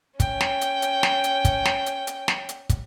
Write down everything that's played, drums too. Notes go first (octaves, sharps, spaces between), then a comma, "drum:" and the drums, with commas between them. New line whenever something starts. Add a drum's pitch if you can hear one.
C#4 G5, drum: kick, hi-hat
drum: snare
drum: hi-hat
drum: hi-hat
drum: snare
drum: hi-hat
drum: kick, hi-hat
drum: snare
drum: hi-hat
drum: hi-hat
drum: snare
drum: hi-hat
drum: kick, hi-hat